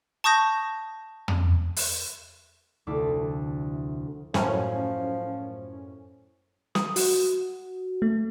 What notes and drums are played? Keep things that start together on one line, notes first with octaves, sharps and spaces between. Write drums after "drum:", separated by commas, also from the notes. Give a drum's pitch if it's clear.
A5 C#6 D#6 G6 A#6
drum: tom
drum: open hi-hat
F1 D2 E4 D6
F#2 A2 F3 C#4, drum: snare
D#6, drum: snare
F#4, drum: open hi-hat
A3